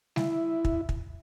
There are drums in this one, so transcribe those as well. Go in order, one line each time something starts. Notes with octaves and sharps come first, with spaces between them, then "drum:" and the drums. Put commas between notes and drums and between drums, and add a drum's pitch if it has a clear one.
E4, drum: snare G3
drum: kick
drum: kick